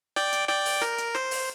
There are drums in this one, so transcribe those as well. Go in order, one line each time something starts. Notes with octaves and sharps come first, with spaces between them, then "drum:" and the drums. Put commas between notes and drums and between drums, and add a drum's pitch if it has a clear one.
D5 G5, drum: snare
drum: hi-hat
D5 G5, drum: snare
drum: open hi-hat
A#4, drum: snare
drum: hi-hat
C5, drum: snare
drum: open hi-hat